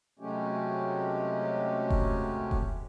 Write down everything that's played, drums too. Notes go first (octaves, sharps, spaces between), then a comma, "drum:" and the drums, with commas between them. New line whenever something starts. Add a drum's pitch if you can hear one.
C3 F#3 G#3 A3 C#4 G4
drum: kick E1
drum: kick E1